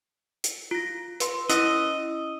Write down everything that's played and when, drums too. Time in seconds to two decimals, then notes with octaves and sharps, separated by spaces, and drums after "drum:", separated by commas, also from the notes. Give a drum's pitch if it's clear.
0.44 drum: hi-hat
0.71 F4 A#6
1.20 B4 C6, drum: hi-hat
1.50 C#4 E4 D#5 E6, drum: hi-hat